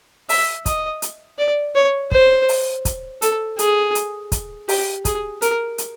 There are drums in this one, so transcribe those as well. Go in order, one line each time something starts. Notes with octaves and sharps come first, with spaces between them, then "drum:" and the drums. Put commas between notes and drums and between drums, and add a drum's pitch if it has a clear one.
E5, drum: open hi-hat
D#5, drum: kick, hi-hat
drum: hi-hat
D5
C#5
C5, drum: kick
drum: open hi-hat
drum: kick, hi-hat
A4, drum: hi-hat
G#4, drum: hi-hat
drum: hi-hat
drum: kick, hi-hat
G4, drum: open hi-hat
G#4, drum: kick, hi-hat
A#4, drum: hi-hat
drum: hi-hat